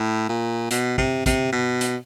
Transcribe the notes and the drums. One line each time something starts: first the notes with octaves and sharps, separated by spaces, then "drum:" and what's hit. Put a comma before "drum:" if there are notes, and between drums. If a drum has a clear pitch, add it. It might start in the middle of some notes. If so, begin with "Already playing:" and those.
Already playing: A2
A#2
B2, drum: hi-hat
C3, drum: kick
C3, drum: kick, hi-hat
B2
drum: hi-hat